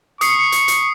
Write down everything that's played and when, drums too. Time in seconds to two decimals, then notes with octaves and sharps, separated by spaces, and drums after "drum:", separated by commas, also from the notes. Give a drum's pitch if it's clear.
0.21 C#6 D#6 C7 C#7, drum: hi-hat
0.52 drum: hi-hat
0.68 drum: hi-hat